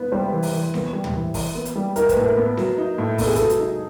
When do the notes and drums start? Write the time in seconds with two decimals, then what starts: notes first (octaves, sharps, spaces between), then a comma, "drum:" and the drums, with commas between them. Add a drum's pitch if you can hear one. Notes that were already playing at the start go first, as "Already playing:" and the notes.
Already playing: B3 B4
0.12 G3 C5
0.32 E3
0.43 drum: open hi-hat
0.53 E3
0.74 B3, drum: snare C4
0.93 G3
1.04 drum: tom
1.14 E3
1.34 E3, drum: kick, open hi-hat
1.55 B3
1.65 drum: hi-hat
1.76 G3
1.96 D#4 A#4, drum: hi-hat
2.09 B4, drum: kick, hi-hat
2.17 A2
2.23 A#4
2.37 B3
2.57 F#3, drum: snare C4
2.78 D#4
2.98 A2
3.18 B3 A4, drum: kick, open hi-hat
3.27 G#4
3.36 F#3 A4, drum: kick, hi-hat
3.50 drum: hi-hat
3.60 D#4